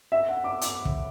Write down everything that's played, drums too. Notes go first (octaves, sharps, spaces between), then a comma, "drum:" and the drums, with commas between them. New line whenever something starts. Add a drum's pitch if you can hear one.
E5
F#5
D6
D6, drum: hi-hat
drum: kick